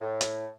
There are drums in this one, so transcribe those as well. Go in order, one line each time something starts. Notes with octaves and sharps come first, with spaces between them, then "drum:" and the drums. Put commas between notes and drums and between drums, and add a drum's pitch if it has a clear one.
A2
drum: hi-hat